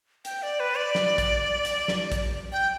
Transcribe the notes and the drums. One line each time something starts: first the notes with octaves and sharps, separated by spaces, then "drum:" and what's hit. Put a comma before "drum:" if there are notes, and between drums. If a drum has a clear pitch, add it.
G5, drum: hi-hat
D5
B4
D5
drum: snare
drum: kick, hi-hat
drum: hi-hat
drum: snare
drum: kick, hi-hat
G5